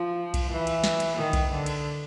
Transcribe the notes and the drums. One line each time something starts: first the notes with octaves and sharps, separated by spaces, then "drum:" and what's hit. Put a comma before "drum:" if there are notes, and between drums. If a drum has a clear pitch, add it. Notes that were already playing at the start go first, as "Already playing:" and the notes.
Already playing: F3
drum: kick B1, cymbal
E3
drum: cymbal
drum: snare
drum: cymbal
D#3
drum: kick B1, cymbal
D3
drum: cymbal